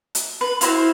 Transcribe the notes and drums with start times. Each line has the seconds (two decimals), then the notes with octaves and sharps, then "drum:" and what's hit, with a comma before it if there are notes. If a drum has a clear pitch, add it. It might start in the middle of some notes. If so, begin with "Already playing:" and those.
0.15 drum: hi-hat
0.41 B4
0.61 E4 F#4 C5 F5, drum: hi-hat